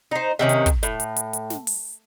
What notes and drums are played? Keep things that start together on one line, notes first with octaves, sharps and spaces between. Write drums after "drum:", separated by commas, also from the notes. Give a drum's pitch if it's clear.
D#4 C5
C3 D#3 C#4
drum: hi-hat
drum: kick, hi-hat
A2, drum: hi-hat
drum: hi-hat
drum: hi-hat
drum: hi-hat
drum: snare
drum: open hi-hat